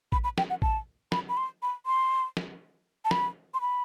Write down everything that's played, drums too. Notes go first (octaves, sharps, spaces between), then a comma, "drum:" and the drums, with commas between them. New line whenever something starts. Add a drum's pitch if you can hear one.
B5, drum: kick A1
B5
G5, drum: snare
F#5
A5, drum: kick A1
B5, drum: snare
B5
C6
B5
C6
drum: snare
A5
B5, drum: snare
C6
B5